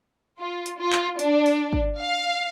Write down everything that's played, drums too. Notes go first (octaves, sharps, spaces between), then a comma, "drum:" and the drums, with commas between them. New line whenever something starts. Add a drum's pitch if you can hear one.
F4
drum: hi-hat
F4
drum: clap
D4, drum: hi-hat
drum: open hi-hat
drum: kick
F5